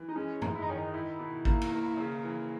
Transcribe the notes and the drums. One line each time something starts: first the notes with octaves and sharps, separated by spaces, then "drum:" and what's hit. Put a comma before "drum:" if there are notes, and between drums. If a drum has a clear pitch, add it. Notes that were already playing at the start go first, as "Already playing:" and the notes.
Already playing: E3
D#4
G#3 C#4
G#2, drum: tom
E4
D#4
D#3 C#4
D#4
D#4 E4
B2
A#3, drum: kick
drum: cymbal
A#3
C#3
E3